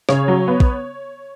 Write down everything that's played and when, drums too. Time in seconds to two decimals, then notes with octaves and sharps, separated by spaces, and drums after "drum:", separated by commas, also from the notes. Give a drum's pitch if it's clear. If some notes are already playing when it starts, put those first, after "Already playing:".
0.09 C#3 C#5, drum: rim click
0.28 F#3
0.48 B3
0.60 drum: kick